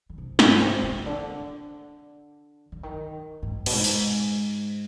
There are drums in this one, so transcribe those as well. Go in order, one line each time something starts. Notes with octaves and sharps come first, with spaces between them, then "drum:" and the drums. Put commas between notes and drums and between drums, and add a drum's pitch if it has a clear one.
D3
C3
G#2, drum: snare
C3
C3
D3
D3
D#3
G#2
B2, drum: cymbal
G#2
drum: open hi-hat